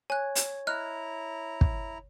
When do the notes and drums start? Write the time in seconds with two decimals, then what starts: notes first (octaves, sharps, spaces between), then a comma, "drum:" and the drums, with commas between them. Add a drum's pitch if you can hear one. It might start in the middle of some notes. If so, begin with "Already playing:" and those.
0.10 C#5 G#5 F#6
0.35 drum: hi-hat
0.67 E4 D#5 A#5 F6 F#6
1.61 drum: kick